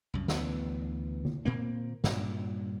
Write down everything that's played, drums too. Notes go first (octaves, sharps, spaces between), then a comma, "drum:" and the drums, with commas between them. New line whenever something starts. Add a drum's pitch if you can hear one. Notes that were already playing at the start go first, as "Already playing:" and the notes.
C2 F#2
D2 E3 B3, drum: snare
drum: tom D3
A#2 A#3 C4
G2 A#2, drum: snare